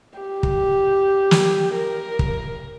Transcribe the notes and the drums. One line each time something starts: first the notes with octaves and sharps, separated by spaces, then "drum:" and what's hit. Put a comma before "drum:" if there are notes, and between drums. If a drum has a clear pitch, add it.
G4
drum: kick
drum: snare
A#4
drum: kick